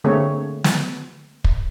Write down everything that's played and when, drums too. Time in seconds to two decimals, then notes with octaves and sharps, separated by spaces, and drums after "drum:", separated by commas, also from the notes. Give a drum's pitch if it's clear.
0.04 D3 A3 A#3 C4 G#4 C#5
0.64 drum: snare
1.44 drum: kick